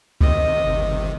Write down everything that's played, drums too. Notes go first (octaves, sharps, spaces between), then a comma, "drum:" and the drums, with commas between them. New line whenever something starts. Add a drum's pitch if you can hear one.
C3 D#3 D#5, drum: kick C#2
G1